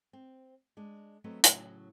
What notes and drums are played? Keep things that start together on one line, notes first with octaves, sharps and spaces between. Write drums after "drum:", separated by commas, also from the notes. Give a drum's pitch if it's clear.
C4
G#3 D4
F#3 A3 B3 C4 D#5
A2 C#3 F#3, drum: hi-hat